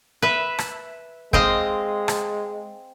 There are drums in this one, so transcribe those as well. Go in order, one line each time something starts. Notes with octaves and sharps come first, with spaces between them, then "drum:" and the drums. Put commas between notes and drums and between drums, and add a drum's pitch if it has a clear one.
B4 E5
drum: rim click
G#3 C4 D#5 F5, drum: kick
drum: rim click